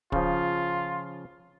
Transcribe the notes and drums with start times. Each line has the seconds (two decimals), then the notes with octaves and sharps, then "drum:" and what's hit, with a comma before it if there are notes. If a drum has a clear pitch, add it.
0.12 C#3 F3 F4, drum: kick